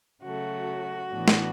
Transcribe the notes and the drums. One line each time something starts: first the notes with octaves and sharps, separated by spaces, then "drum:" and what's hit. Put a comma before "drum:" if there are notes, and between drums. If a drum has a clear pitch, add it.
C#3 F#3 A3 F#4
A2 E3 B3 D4
drum: snare